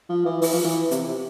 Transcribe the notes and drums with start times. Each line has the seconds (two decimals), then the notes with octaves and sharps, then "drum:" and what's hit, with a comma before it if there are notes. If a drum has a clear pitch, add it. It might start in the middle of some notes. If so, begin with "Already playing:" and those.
0.09 F3
0.26 E3
0.42 E3, drum: open hi-hat
0.53 F3
0.64 E3
0.91 C3, drum: hi-hat
1.07 C3